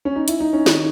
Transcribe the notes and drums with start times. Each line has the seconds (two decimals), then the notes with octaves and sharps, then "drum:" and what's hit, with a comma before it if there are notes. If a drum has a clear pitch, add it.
0.05 C#4
0.16 D#4
0.28 E4, drum: hi-hat
0.40 D#4
0.53 C#4
0.66 D#3, drum: snare